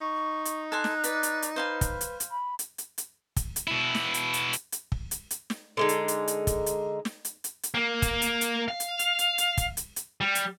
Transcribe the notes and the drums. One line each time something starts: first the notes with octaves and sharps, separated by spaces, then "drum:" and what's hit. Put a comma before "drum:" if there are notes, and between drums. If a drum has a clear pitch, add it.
D#4 C#6
drum: hi-hat
A4 G#5 C6 F#6
drum: snare
B4 D5, drum: hi-hat
drum: hi-hat
drum: hi-hat
B4 C5 F5 G#5
drum: kick, hi-hat
drum: hi-hat
drum: hi-hat
B5
drum: hi-hat
drum: hi-hat
drum: hi-hat
drum: kick, hi-hat
drum: hi-hat
B2 E4
drum: snare
drum: hi-hat
drum: hi-hat
drum: hi-hat
drum: hi-hat
drum: kick
drum: hi-hat
drum: hi-hat
drum: snare
D3 G#3 D#4
drum: hi-hat
drum: hi-hat
drum: hi-hat
drum: kick, hi-hat
drum: hi-hat
drum: snare
drum: hi-hat
drum: hi-hat
drum: hi-hat
A#3
drum: kick, hi-hat
drum: hi-hat
drum: hi-hat
F5
drum: hi-hat
drum: hi-hat
drum: hi-hat
drum: hi-hat
drum: kick, hi-hat
drum: hi-hat
drum: hi-hat
G3
drum: hi-hat